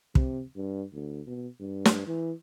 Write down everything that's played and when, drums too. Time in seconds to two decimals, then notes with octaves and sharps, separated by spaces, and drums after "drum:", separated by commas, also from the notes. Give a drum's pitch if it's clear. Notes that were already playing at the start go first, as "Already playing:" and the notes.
0.15 C3, drum: kick
0.56 G2
0.94 D2
1.27 B2
1.60 G2
1.85 drum: snare
2.07 E3